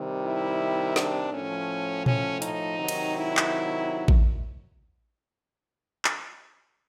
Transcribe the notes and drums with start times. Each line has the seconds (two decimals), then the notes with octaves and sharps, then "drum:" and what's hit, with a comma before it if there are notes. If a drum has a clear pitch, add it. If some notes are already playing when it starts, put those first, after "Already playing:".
Already playing: C3 D#3 G3
0.22 E4
0.96 D4, drum: snare
1.33 A2 F3 C#4
2.06 C#4, drum: tom A#2
2.42 D#4, drum: hi-hat
2.79 C3 D#3 F#3
2.88 drum: cymbal
3.16 E4
3.37 drum: clap
4.08 drum: kick A1
6.05 drum: clap